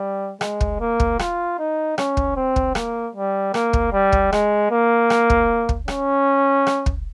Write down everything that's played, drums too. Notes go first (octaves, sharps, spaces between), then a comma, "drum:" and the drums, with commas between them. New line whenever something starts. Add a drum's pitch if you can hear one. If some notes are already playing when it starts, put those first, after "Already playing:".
Already playing: G3
G#3, drum: rim click
drum: kick
A#3
drum: kick
F4, drum: rim click
D#4
C#4, drum: rim click
drum: kick
C4
drum: kick
A#3, drum: rim click
G3
A#3, drum: rim click
drum: kick
G3
drum: kick
G#3, drum: rim click
A#3
drum: rim click
drum: kick
drum: kick
C#4, drum: rim click
drum: rim click
drum: kick